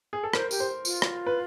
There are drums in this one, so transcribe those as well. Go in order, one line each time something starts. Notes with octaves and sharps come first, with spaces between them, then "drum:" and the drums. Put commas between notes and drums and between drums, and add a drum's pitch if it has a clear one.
G#4
A4
A#4 C5, drum: rim click
G4, drum: tambourine
C5
F4, drum: tambourine
drum: rim click
B4